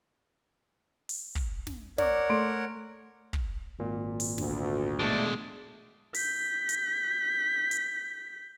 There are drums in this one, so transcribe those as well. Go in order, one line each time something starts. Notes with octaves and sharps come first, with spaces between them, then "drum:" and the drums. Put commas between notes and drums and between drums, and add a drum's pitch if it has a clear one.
drum: open hi-hat
drum: kick
drum: snare
A#4 C#5 D5 F#5 D6, drum: snare
A3 C6 D7
drum: kick
G#1 A#2
drum: open hi-hat
D2, drum: snare
B2 G#3 A3 D4
G6 B6, drum: open hi-hat
drum: hi-hat
drum: hi-hat